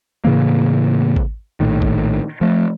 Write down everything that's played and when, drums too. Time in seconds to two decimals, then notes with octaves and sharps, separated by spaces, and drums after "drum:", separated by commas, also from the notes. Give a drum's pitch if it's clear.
0.25 A2 C#3 E3 A#3
1.16 drum: kick G#1
1.60 A#1 A2 D#3
1.82 drum: kick G#1
2.41 F3 A3